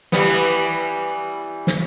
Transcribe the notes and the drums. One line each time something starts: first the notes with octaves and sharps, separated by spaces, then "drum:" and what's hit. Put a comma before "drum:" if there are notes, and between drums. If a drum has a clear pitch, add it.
E3 G3 B3, drum: snare
drum: snare